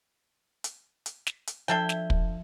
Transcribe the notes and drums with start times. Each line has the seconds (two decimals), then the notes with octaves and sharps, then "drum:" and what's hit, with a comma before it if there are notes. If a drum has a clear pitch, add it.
0.64 drum: hi-hat
1.06 drum: hi-hat
1.27 drum: snare
1.47 drum: hi-hat
1.68 F3 D4 A4 E5 G5 G#6
1.89 drum: snare
2.10 drum: kick